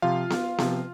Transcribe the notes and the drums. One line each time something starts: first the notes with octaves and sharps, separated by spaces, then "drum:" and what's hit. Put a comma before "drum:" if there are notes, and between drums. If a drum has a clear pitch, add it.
C3 F3 F4 F5
drum: snare B3
C3 F3, drum: snare B3